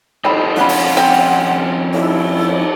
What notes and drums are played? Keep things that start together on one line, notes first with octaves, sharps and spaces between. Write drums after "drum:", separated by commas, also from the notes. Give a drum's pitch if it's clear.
D#4 A4 C5 G5 B5, drum: cymbal
F2 C#4 D4 F4 F#5 B5
drum: open hi-hat
C4
E4, drum: cymbal
drum: cymbal